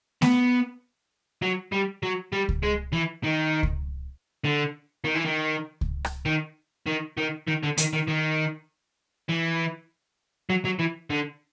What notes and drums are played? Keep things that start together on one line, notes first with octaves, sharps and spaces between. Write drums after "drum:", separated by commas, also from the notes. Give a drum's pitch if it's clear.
B3, drum: snare A3
F#3
G3
F#3
G3
drum: kick C#2
G#3
E3
D#3
drum: kick C#2
D3
D#3
E3
D#3
drum: kick C#2
drum: rim click
D#3
D#3
D#3
D#3
D3
D#3, drum: hi-hat
D#3
D#3
E3
F#3
F#3
E3
D3